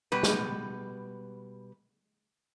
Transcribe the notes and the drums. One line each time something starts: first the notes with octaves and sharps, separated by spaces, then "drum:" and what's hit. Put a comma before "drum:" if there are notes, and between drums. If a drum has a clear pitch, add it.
B2 G3 B4
drum: snare